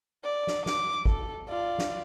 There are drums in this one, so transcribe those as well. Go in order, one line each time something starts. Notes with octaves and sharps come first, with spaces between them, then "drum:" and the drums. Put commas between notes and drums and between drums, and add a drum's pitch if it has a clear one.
D5
drum: snare
D6, drum: snare
A4, drum: kick G#1
F4 D5
drum: snare